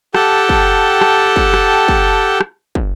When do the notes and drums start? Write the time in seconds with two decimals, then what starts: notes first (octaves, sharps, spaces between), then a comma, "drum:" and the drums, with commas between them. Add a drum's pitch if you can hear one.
0.15 G4 A4 F#5 G5 A5, drum: rim click
0.49 drum: kick
1.01 drum: rim click
1.36 drum: kick
1.54 drum: rim click
1.88 drum: kick
2.41 drum: rim click
2.75 drum: kick